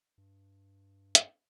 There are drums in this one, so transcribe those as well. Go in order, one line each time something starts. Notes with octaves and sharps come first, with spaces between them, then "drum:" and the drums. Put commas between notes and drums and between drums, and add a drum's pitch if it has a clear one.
G2
drum: hi-hat